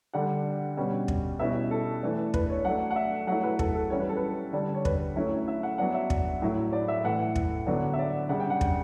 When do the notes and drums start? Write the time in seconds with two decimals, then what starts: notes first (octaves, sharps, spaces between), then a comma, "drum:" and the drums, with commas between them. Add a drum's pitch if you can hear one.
0.14 D3 G3 D4 F#5
0.77 B2 G3 C#4
1.08 drum: kick
1.39 B2 G3 C#4 E4 E5
1.71 A4
2.03 E3 A3 D4
2.34 B4, drum: kick
2.50 C#5
2.65 F#3 A3 D4 F#5
2.91 F#5
2.96 E5
3.27 F#3 A3 E4 F#5
3.43 B4
3.59 A4, drum: kick
3.75 A4
3.90 E3 G3 C#4 C#5
4.00 B4
4.09 A4
4.17 B4
4.53 D3 G3 D4 A4
4.74 C#5
4.85 B4, drum: kick
5.16 F#3 A3 C#4 E4
5.48 E5
5.63 F#5
5.78 F#3 B3 D4 F#5
5.94 E5
6.10 drum: kick
6.42 A2 F#3 A3 E4
6.72 D5
6.88 E5
7.04 A2 E3 A3 F#5
7.36 drum: kick
7.67 D3 F#3 B3 D4
7.93 E5
7.99 D5
8.29 C#3 G3 D4 F#5
8.40 G5
8.50 F#5
8.61 G5, drum: kick